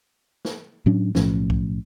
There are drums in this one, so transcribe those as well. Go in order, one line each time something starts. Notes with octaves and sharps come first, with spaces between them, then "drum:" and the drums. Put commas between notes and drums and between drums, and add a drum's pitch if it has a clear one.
drum: snare
A2 F#3 C#4 D4
B1 A2 F3 C#4, drum: snare
drum: kick C2